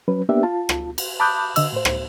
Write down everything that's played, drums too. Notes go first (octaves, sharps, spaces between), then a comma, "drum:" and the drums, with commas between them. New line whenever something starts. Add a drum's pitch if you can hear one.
F#3 C#4 B4
A#3 B3 D4 G4 E5
F4 A5
drum: rim click
drum: cymbal
A5 B5 D6 D#6 F#6 G6
D3 D#5 E6, drum: cymbal
A2 C5
drum: rim click